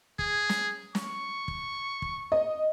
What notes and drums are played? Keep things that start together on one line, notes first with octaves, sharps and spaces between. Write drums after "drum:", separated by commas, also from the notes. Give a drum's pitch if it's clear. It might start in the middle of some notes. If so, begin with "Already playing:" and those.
G#4, drum: kick
drum: snare
C#6, drum: snare
drum: kick
drum: kick
D#5